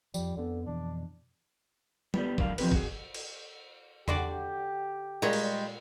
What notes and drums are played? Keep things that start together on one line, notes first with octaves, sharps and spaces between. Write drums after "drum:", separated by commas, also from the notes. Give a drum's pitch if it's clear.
F2 F3 G3, drum: tambourine
F2 D3 B3
F2 B2 E3 D4
G3 B3 C#4 G4 D5, drum: tom G3
D3 F#3 A#4 D5 F5, drum: kick G#1
F3 F#3 C4 G4 A#4 B4, drum: cymbal
F#4 G#4, drum: kick G#1
drum: cymbal
D3 F#4 G4 D5, drum: tom E2
A#2 G3 G#3 C#5 A#5
drum: cymbal